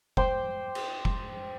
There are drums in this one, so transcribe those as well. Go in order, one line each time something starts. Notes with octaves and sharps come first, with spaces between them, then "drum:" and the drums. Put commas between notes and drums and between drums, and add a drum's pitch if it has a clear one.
C5 G5 C6 D6, drum: kick F1
drum: cymbal
drum: kick F1